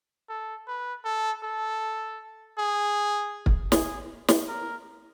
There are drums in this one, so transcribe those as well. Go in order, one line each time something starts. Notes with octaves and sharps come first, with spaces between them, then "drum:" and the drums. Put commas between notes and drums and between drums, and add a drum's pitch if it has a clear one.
A4
B4
A4
A4
G#4
drum: kick
G#4, drum: snare
drum: snare
A#4